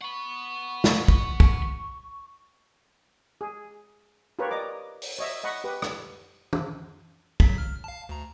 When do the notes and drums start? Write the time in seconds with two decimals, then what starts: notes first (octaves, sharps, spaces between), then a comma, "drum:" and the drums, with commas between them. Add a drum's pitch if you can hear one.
0.01 F#5 B5 C#6
0.84 drum: snare
1.08 drum: kick
1.40 drum: kick
3.41 G#4
4.39 F4 G4 A#4 B4 C#5
4.51 D5 D#5 A#5 D6
5.02 drum: open hi-hat
5.19 C#5 D#5 E5
5.44 D#5 F#5 B5 C#6
5.64 G4 B4
5.82 drum: rim click
6.53 drum: tom
7.40 C#3 F#3 B6, drum: kick
7.58 F6
7.84 F5 A5
8.09 D2 A#5